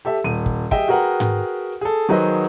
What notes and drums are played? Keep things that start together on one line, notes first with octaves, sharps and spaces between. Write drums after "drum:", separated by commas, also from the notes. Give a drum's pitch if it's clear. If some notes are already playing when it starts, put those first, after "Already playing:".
G4 A4 E5
D#1 D#7
drum: kick
G4 G#4 D#5 E5 G5, drum: kick
F#4 G#4 A#4 B4 F#5 G5
drum: tom G#2
G#4 A4
D#3 F#3 G#4 B4 C5 D#5